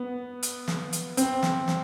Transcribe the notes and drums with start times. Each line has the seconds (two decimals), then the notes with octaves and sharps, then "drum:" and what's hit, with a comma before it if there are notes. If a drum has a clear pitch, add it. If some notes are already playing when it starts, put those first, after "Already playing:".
Already playing: B3
0.43 drum: hi-hat
0.68 drum: snare
0.93 drum: hi-hat
1.17 C4, drum: hi-hat
1.43 drum: snare
1.68 drum: snare